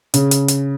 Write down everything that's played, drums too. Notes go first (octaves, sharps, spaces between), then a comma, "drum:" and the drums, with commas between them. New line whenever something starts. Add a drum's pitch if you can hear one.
C#3, drum: hi-hat
drum: hi-hat
drum: hi-hat